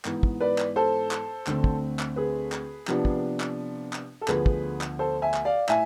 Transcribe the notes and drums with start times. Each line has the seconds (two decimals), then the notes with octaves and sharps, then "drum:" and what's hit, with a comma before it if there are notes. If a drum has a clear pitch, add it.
0.05 G#2 E3 B3, drum: clap
0.23 drum: kick
0.41 B4 D5
0.58 drum: clap
0.76 A4 C5
1.11 drum: clap
1.47 D2 D3 A3 C4, drum: clap
1.64 drum: kick
1.99 drum: clap
2.16 G#4 B4
2.52 drum: clap
2.87 C3 F3 B3 D4, drum: clap
3.05 drum: kick
3.40 drum: clap
3.93 drum: clap
4.21 A4
4.28 D2 D3 F3 B3 G#4 B4, drum: clap
4.46 drum: kick
4.81 drum: clap
4.99 A4 C5
5.22 E5 G#5
5.34 drum: clap
5.45 D5 F5
5.69 A2 E5 G#5, drum: clap